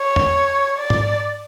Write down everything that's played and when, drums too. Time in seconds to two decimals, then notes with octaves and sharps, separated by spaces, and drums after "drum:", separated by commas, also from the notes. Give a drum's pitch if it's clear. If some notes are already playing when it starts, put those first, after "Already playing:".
Already playing: C#5
0.16 drum: tom E2
0.78 D5
0.90 drum: tom G#2